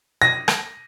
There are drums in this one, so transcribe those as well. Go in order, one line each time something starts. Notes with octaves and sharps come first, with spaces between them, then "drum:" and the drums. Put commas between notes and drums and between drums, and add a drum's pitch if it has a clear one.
A#6
drum: rim click